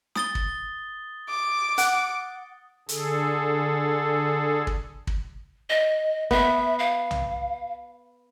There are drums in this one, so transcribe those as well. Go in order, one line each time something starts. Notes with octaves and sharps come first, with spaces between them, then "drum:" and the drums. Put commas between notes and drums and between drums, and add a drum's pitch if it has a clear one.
D#6 A6 G7, drum: snare
drum: kick
D6
F#5, drum: hi-hat
D3 G#4 A4, drum: hi-hat
drum: kick
drum: kick
D#5
B3 E5, drum: kick
F5
drum: tom B1